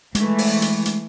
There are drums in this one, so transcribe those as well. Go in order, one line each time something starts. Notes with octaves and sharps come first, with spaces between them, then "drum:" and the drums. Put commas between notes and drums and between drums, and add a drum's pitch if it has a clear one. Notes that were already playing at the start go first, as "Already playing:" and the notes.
E3 G#3 A3, drum: hi-hat
drum: open hi-hat
drum: hi-hat
drum: hi-hat